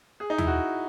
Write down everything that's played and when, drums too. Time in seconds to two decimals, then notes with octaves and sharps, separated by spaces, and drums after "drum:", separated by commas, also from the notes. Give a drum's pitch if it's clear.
0.20 G#4
0.30 D#4
0.38 E4, drum: tom
0.47 F#4